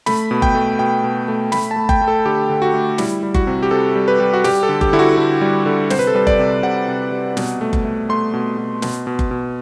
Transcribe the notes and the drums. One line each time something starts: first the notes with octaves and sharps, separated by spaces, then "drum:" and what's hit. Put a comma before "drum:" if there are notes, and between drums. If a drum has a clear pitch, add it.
A3 B5, drum: snare
B2
G5, drum: kick F#1
A3
B2 G5
B2
A3
A3 B5, drum: snare
A5
A3
G5, drum: kick F#1
A3
A4
D3 G4
D3
F#4
A3
G3 E4, drum: snare
G3
F#4, drum: kick F#1
C3
G4
C3 A4
G3
B4
G3
F#4
G3 G4, drum: snare
A4
D3
G4, drum: kick F#1
D3 E4
F#4
D3
G3
D3
C3 C5, drum: snare
B4
A4
G3 B4
D5, drum: kick F#1
C3
C3 F#5
C3
G3
B2, drum: snare
A3
drum: kick F#1
A3
A3 C6
B2
B2
B2, drum: snare
B2
drum: kick F#1
B2